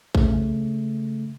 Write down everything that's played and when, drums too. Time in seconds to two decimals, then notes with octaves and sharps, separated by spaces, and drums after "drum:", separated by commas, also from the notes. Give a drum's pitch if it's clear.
0.15 C#3 A3, drum: kick A#1